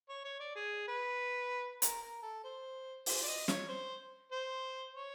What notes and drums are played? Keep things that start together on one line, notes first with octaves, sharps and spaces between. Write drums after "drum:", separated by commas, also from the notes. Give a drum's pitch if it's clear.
C#5
C#5
D5
G#4
B4
A#4, drum: hi-hat
A#4
A4
C5
C5, drum: open hi-hat
D5
D#5
C#5, drum: snare
C5
C5
C#5